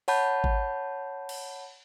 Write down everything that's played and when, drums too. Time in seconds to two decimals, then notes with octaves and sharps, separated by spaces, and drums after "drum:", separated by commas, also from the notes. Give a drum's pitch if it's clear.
0.08 C#5 F#5 A5 B5 G6, drum: open hi-hat
0.44 drum: kick G#1
1.29 drum: cymbal